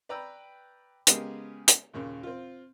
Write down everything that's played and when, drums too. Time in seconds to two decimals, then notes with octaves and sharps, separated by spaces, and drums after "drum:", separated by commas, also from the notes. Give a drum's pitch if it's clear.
0.09 B4 D5 G5 A#5 B5 E6
1.07 C#3 G#3 B3 G4 G#4 A#4, drum: hi-hat
1.68 drum: hi-hat
1.94 D#2 A#2 C#3
2.23 C4 F4